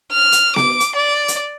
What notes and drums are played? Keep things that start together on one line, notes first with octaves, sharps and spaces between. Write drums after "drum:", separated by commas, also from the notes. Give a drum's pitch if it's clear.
F6
drum: hi-hat
D6, drum: snare B3
drum: hi-hat
D5
drum: hi-hat